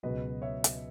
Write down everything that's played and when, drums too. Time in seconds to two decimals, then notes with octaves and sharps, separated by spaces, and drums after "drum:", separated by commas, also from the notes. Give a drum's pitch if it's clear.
0.03 C#2 B2 F#3 B4 D#5
0.42 C#5 E5
0.64 drum: hi-hat